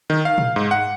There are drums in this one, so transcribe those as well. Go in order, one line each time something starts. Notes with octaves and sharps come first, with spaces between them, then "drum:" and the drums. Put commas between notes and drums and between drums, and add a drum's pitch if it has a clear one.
D#3
F5
drum: tom
G#2
F#5